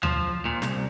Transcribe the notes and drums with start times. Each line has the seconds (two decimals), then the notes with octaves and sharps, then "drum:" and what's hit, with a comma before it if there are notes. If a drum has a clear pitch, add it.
0.03 F3, drum: tom D2
0.45 A#2
0.62 C2, drum: snare